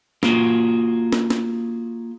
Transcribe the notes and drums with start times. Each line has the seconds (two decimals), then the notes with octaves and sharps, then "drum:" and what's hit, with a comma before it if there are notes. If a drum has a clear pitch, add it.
0.23 A#3 F4 F#4 G#4, drum: snare
1.13 drum: snare
1.30 drum: snare